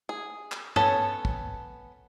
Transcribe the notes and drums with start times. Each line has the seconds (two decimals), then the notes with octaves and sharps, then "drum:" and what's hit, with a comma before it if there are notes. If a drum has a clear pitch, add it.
0.09 G#4
0.52 drum: clap
0.76 B3 C#4 A4 C#5, drum: tom G2
1.25 drum: kick